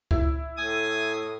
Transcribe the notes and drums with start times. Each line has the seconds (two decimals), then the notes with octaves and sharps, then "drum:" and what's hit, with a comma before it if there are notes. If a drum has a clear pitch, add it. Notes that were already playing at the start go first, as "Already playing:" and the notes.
0.11 E4, drum: kick C#2
0.57 A2 G#5 D#6